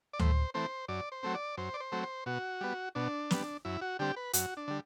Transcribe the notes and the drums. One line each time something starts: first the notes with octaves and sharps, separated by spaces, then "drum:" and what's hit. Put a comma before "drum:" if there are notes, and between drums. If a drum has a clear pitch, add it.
D5
A2 C5, drum: tom D2
E3 A3 C4 C5
F#2 D5
C5
F#3 A3 C4
D5
F#2 C5
D5
C5
F#3 A3 C4
C5
B2 F#4
G3 B3
B2 D4
G3 B3, drum: snare
F#2 E4
F#4
D3 G3 C4 G4
B4
F#2 F#4, drum: hi-hat
D4
D3 G3